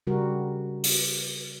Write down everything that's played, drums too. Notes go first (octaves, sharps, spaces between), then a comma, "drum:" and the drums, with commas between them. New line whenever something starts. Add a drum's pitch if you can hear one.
C#3 G3 F#4 A#4
drum: open hi-hat